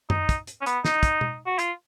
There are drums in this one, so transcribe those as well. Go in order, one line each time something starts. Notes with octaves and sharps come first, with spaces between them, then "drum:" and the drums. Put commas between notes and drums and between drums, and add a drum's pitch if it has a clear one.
D#4, drum: tom F#2
drum: kick, hi-hat
drum: hi-hat
C#4
B3, drum: hi-hat
D#4, drum: snare
drum: kick, hi-hat
drum: tom B2
F#4
F4, drum: hi-hat